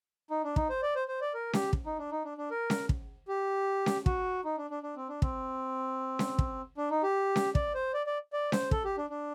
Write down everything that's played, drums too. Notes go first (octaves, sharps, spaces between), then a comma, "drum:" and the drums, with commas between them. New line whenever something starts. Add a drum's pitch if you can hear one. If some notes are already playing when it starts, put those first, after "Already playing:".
D#4
D4
D#4, drum: kick
C5
D5
C5
C5
D5
A#4
G4, drum: snare C#4
drum: kick
D#4
D4
D#4
D4
D4
A#4
drum: snare C#4
drum: kick
G4
drum: snare C#4
F#4, drum: kick
D#4
D4
D4
D4
C4
D4
C4, drum: kick
drum: snare C#4
drum: kick
D4
D#4
G4
drum: snare C#4
D5, drum: kick
C5
D5
D5
D5
C5, drum: snare C#4
A4, drum: kick
G4
D4
D4